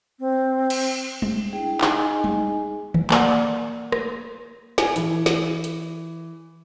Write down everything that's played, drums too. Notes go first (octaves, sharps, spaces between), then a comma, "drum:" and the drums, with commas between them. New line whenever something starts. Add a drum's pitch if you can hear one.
C4
drum: cymbal
drum: tom G3
D4 E4 G#4 G5
D#4 G#4 D#5 G#5, drum: clap
drum: tom G3
drum: tom D#3
A#3 D5 F#5, drum: clap
drum: rim click
G#5, drum: snare
E3, drum: hi-hat
drum: snare
drum: hi-hat